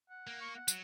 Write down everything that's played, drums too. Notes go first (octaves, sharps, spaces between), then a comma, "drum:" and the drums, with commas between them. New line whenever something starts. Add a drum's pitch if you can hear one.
F#5
A#3
C#6
F#5
F#3, drum: tambourine